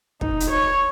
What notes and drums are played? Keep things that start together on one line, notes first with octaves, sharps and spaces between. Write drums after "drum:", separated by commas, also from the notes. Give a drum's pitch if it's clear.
D#4, drum: kick
drum: hi-hat
C#5